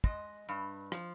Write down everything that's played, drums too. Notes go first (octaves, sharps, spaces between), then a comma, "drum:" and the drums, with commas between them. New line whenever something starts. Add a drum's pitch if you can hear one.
G#3 D#5, drum: kick
G2
F3, drum: rim click